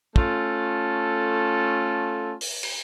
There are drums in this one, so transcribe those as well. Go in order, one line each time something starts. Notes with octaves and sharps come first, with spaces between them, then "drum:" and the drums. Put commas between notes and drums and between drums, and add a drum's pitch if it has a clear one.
A3 C#4 F4 A4, drum: kick
drum: open hi-hat
drum: cymbal